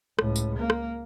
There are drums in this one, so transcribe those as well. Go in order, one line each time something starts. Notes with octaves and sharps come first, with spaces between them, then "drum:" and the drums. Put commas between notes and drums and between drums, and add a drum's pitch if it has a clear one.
C#2 A2, drum: rim click
drum: tambourine
A#3
drum: rim click